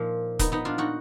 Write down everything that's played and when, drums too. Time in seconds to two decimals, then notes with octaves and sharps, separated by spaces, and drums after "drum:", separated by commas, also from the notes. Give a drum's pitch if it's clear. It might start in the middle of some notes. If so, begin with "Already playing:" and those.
Already playing: A#2 F3 D#4
0.39 B3 D#4, drum: kick, hi-hat
0.52 B3 D#4
0.65 D4 F4
0.78 D#4 F#4